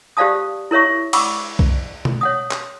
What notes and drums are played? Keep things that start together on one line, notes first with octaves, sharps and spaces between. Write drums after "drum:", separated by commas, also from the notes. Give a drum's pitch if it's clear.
G4 C5 D5 F5 A5 D#6
E4 A#4 C#5 E5 C#6
F#5 B5 C#6 D6 E6, drum: cymbal
drum: kick B1
drum: tom B2
C#5 F#5 D#6
drum: clap